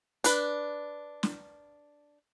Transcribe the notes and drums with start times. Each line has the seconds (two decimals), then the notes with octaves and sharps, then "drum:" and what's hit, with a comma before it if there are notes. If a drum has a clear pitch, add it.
0.24 D4 B4, drum: hi-hat
1.23 drum: snare